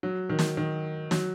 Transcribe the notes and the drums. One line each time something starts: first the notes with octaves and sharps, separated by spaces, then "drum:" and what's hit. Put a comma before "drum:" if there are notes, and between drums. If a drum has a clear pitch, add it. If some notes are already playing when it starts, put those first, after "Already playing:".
F#3
D#3
drum: snare
D#3
F#3, drum: snare